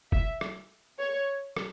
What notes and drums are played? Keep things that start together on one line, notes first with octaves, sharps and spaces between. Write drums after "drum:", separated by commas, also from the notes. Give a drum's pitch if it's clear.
E5, drum: kick
drum: rim click
C#5
drum: rim click